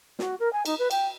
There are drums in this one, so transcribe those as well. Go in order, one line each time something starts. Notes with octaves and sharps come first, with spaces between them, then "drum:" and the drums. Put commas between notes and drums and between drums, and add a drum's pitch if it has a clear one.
F#4, drum: snare
A#4
G#5
D#4, drum: cymbal
B4
G5, drum: cymbal